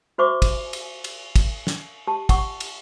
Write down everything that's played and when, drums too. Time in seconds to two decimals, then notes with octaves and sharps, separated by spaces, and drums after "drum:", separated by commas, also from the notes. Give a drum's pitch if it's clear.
0.18 F#4 C5 E5 C#6 D6
0.42 drum: kick, cymbal
0.73 drum: cymbal
1.04 drum: cymbal
1.36 drum: kick, cymbal
1.67 drum: snare
2.07 G4 A5
2.29 F#5 C#6, drum: kick, cymbal
2.60 drum: cymbal